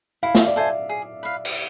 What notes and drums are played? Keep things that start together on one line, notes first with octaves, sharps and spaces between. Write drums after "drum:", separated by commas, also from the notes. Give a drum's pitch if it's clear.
E4 F5
E5, drum: snare
D5
A4 C5 E5 G#5
G#4
B4 F5
drum: cymbal